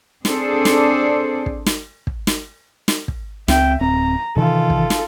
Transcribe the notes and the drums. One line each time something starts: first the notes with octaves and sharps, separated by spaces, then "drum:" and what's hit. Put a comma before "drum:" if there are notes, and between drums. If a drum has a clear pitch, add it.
C4 D4 G#4 A4 C5 D5, drum: snare
drum: snare
drum: kick
drum: snare
drum: kick
drum: snare
drum: snare
drum: kick
C#2 C4 E5 G5, drum: snare
D1 C4 A#5
C3 D#3 E3 F4 A4
drum: kick
drum: snare